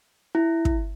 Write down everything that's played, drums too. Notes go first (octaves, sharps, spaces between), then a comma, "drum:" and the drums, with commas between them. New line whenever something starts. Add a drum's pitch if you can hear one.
E4
drum: kick